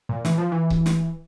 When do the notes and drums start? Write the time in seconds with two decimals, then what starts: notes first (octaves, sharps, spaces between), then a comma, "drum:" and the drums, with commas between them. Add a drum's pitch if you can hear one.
0.09 A#2
0.25 E3, drum: snare
0.38 F3
0.52 E3
0.70 drum: kick C#1
0.86 drum: snare